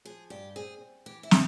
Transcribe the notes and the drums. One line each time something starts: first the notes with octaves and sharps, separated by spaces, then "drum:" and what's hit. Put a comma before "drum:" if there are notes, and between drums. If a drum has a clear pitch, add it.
F3 G#4
G2 G4
C4 G#4
C4
E3 G4
E4
C3, drum: snare